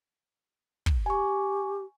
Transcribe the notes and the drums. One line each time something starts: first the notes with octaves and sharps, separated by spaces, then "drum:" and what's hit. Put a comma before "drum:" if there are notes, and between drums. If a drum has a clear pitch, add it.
drum: kick
G4 G#5 C#6